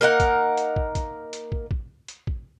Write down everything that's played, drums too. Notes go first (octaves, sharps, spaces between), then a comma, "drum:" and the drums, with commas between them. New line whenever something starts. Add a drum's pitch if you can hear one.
A#3 D#4 A#4 F#5
drum: kick, hi-hat
drum: hi-hat
drum: kick
drum: kick, hi-hat
drum: hi-hat
drum: kick
drum: kick
drum: hi-hat
drum: kick